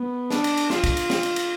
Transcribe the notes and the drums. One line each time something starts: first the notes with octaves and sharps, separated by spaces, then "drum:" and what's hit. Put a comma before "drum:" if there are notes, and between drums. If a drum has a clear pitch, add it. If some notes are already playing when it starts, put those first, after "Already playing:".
Already playing: B3
D4, drum: snare
drum: cymbal
drum: cymbal
F4, drum: snare
drum: kick, cymbal
drum: cymbal
drum: snare
drum: cymbal
drum: cymbal